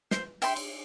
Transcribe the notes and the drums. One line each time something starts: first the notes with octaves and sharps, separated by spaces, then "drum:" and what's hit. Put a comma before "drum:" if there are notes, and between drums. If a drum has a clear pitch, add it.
C5, drum: snare
E5 G5 C6, drum: cymbal
drum: cymbal